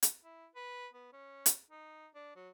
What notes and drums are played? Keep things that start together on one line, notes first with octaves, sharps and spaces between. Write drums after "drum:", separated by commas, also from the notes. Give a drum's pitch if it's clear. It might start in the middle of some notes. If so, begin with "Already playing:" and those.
drum: hi-hat
E4
B4
B3
C#4
drum: hi-hat
D#4
D4
F#3